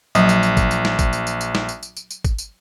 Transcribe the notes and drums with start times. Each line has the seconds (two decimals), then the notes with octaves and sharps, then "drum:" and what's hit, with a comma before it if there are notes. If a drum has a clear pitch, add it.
0.15 A#1 F#3, drum: tambourine
0.29 drum: tambourine
0.43 drum: tambourine
0.57 drum: kick, tambourine
0.71 drum: tambourine
0.85 drum: snare
0.99 drum: kick, tambourine
1.13 drum: tambourine
1.27 drum: tambourine
1.41 drum: tambourine
1.55 drum: snare
1.69 drum: tambourine
1.83 drum: tambourine
1.97 drum: tambourine
2.11 drum: tambourine
2.25 drum: kick, tambourine
2.38 drum: tambourine